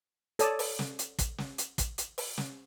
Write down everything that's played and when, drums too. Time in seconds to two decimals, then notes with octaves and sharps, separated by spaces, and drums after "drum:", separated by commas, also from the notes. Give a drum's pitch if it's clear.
0.39 A4 C#5 D5 A5 D#6, drum: hi-hat
0.59 drum: open hi-hat
0.79 drum: snare
0.99 drum: hi-hat
1.19 drum: kick, hi-hat
1.38 drum: snare
1.58 drum: hi-hat
1.78 drum: kick, hi-hat
1.98 drum: hi-hat
2.18 drum: open hi-hat
2.38 drum: snare